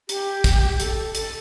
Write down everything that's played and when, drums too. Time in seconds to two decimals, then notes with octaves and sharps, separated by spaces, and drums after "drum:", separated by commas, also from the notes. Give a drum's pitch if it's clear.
0.09 G4, drum: hi-hat
0.44 drum: kick, hi-hat
0.80 A4, drum: hi-hat
1.15 A4, drum: hi-hat